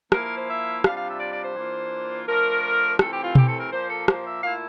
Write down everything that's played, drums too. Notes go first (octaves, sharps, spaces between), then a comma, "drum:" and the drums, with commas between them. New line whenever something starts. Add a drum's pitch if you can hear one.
F3 A#3 E4 A#4, drum: rim click
A#4
C5
E5
C3 G3 D4 F4 F5, drum: rim click
F5
E5
D5
D5
C5
E3 A#3 D4 F4
F3 A3 D4 A#4
C3 E3 A3 C4 F4 A4, drum: rim click
G4
F4
G4, drum: tom B2
A4
A#4
A#2 F3 A#3 C5
A4
C5, drum: rim click
E5
A#2 A3 E4 F5